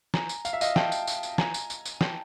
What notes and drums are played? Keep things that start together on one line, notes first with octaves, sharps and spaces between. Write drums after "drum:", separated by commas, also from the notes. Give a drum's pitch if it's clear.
G#5 A#5, drum: snare
drum: tambourine
F5, drum: tambourine
E5
D#5 F5, drum: tambourine
G5 A5, drum: snare
drum: tambourine
drum: tambourine
drum: tambourine
G#5 A#5, drum: snare
drum: tambourine
drum: tambourine
drum: tambourine
G5 A5, drum: snare